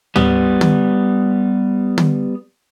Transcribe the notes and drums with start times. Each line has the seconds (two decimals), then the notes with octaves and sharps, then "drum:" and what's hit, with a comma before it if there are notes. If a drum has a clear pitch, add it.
0.16 G3 B3, drum: tom
0.61 drum: tom
1.98 drum: tom